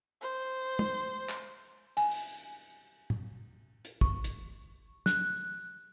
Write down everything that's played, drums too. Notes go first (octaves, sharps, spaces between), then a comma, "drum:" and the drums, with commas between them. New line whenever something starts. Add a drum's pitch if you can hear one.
C5
drum: tom
drum: clap
G#5, drum: cymbal
drum: open hi-hat
drum: tom
drum: hi-hat
C#6, drum: kick
drum: hi-hat
F#6, drum: snare